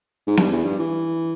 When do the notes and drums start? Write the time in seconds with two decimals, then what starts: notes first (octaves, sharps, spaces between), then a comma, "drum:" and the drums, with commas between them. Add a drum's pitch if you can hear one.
0.27 G#2
0.37 G2, drum: snare B3
0.52 E2
0.65 G2
0.79 E3